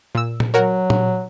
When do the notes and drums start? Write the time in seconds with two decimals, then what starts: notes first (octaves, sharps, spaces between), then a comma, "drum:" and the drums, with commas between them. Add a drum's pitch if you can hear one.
0.15 A#2 E6
0.40 drum: tom A#2
0.54 F#3 F#4 A#4 C#5
0.90 drum: tom A#2